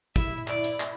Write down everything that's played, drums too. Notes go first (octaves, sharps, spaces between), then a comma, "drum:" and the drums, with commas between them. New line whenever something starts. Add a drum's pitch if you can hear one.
E4 E5, drum: kick, hi-hat
D5, drum: clap
drum: hi-hat
drum: clap